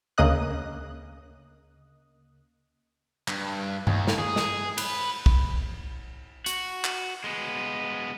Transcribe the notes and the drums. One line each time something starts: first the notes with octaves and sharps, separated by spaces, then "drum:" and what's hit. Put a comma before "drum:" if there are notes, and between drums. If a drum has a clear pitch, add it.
D2 C#3 A#3 D#5 D#6 F#6
G2, drum: clap
D#2, drum: tom G2
drum: snare
G#4
drum: snare
B4, drum: cymbal
drum: kick
F#4, drum: hi-hat
drum: clap
G#3 B3